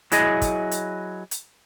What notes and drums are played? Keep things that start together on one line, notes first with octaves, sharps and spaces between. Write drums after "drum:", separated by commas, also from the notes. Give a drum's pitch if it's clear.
F#3 E4 G#4 D#5, drum: hi-hat
drum: kick, hi-hat
drum: hi-hat
drum: hi-hat